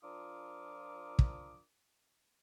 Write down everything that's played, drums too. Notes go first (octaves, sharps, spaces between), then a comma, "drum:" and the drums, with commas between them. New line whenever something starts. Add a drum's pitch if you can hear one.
F3 D4 F4 A#4 D6 D#6
drum: kick